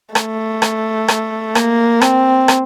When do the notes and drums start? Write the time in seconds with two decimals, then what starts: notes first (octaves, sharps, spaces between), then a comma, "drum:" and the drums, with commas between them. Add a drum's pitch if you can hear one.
0.15 A3, drum: rim click
0.62 drum: rim click
1.08 drum: rim click
1.55 A#3, drum: rim click
2.01 C4, drum: rim click
2.48 drum: rim click